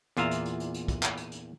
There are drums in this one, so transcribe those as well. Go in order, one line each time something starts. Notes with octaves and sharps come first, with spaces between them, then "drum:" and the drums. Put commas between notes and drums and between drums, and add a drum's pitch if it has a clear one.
E2 A#2 F4 E5 F5 A#5, drum: hi-hat
drum: hi-hat
drum: hi-hat
drum: hi-hat
drum: hi-hat
drum: kick, hi-hat
drum: clap
drum: hi-hat
drum: hi-hat